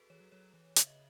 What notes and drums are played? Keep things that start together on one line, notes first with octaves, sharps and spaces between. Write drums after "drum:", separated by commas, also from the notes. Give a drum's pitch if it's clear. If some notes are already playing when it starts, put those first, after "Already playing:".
Already playing: F#4 G#4 A4 B4
E3 C#5
F#3
F#3 C#5
E3
C#3 E5, drum: hi-hat
D#5